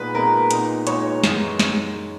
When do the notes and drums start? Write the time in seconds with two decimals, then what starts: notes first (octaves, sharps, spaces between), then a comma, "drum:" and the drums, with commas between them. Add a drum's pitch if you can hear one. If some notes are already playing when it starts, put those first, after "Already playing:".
Already playing: A#2 G#3 B3 D#4 B4
0.14 A#2 G#3 B3 D#4 A#4
0.51 A#2 G#3 B3 D#4, drum: hi-hat
0.87 A#2 G#3 B3 D#4 C#5, drum: hi-hat
1.24 F#2 E3 G#3 D#4, drum: snare
1.60 drum: snare